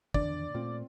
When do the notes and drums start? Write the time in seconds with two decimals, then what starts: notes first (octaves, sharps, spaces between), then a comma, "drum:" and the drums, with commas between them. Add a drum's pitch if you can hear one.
0.14 E2 D3 D#3 D4 D5, drum: kick
0.54 A#2 A3 C4 F4